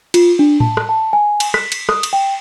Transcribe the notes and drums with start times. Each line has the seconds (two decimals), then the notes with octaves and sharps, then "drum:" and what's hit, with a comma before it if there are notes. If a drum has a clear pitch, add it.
0.14 F4, drum: cymbal
0.39 D4
0.60 A5, drum: tom A2
0.77 drum: rim click
0.89 A5
1.13 G#5
1.40 drum: cymbal
1.54 B6, drum: rim click
1.72 drum: cymbal
1.89 D#6, drum: rim click
2.03 drum: cymbal
2.13 G5